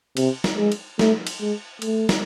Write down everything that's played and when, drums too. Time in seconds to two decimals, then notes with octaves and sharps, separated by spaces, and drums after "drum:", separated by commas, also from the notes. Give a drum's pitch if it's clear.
0.17 C3, drum: cymbal
0.44 drum: snare
0.58 G#3
0.72 drum: cymbal
0.99 A3, drum: snare
1.27 drum: cymbal
1.40 G#3
1.82 A3, drum: cymbal
2.09 drum: snare